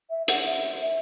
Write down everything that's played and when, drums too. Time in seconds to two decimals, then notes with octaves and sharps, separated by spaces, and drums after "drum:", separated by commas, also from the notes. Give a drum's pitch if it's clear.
0.10 E5
0.28 F#5, drum: hi-hat
0.46 E5
0.82 E5